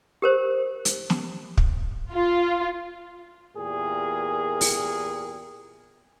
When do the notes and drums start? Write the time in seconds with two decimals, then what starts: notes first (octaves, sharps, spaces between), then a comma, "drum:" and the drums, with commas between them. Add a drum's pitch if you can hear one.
0.22 G4 A#4 C5
0.85 drum: hi-hat
1.10 drum: snare
1.57 drum: kick
2.13 F4
3.56 E2 A#2 G4 G#4 A#4
4.61 drum: open hi-hat